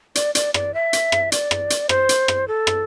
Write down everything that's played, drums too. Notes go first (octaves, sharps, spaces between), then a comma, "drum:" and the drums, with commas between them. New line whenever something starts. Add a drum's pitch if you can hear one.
D5, drum: hi-hat
D5, drum: hi-hat
D5, drum: rim click
E5
drum: hi-hat
drum: rim click
D5, drum: hi-hat
drum: rim click
drum: hi-hat
C5, drum: rim click
drum: hi-hat
drum: rim click
A4
drum: rim click